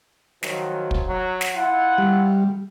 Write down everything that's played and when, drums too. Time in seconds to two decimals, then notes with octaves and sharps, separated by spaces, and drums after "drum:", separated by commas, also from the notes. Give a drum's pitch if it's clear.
0.43 D#3 F3 F#3, drum: snare
0.91 drum: kick
1.07 F#3
1.41 drum: snare
1.54 E4 F4 F#5
1.98 G3